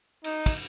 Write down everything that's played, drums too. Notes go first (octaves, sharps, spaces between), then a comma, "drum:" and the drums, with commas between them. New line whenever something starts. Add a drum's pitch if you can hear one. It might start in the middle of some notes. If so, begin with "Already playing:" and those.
D#4, drum: cymbal
drum: kick, cymbal